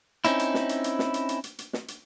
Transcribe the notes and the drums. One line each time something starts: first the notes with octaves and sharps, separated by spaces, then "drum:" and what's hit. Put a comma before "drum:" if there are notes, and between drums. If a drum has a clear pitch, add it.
C4 C#4 D#4 E4, drum: hi-hat
drum: hi-hat
drum: snare
drum: hi-hat
drum: hi-hat
drum: snare
drum: hi-hat
drum: hi-hat
drum: hi-hat
drum: hi-hat
drum: snare
drum: hi-hat